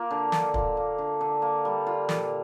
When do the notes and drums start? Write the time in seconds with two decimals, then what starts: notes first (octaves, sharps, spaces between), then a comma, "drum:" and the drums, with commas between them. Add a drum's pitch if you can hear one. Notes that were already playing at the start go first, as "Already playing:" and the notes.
Already playing: A#3 F4
0.11 D3
0.32 D3, drum: snare
0.54 F4, drum: kick
0.77 A#3
0.98 D3
1.21 D3
1.42 A#3
1.65 G3
1.87 F4
2.09 A#2, drum: snare